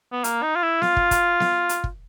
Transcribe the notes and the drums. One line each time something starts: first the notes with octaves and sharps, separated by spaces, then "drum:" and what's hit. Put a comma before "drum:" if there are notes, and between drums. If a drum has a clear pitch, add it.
B3
A#3, drum: hi-hat
D#4
F4
E4
F4, drum: snare B3
drum: kick
drum: kick, hi-hat
drum: snare B3
drum: hi-hat
drum: kick